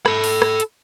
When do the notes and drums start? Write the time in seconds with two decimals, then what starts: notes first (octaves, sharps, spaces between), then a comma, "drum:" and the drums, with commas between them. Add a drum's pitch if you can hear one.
0.06 A4 B5, drum: rim click
0.24 drum: open hi-hat
0.42 drum: rim click
0.60 drum: hi-hat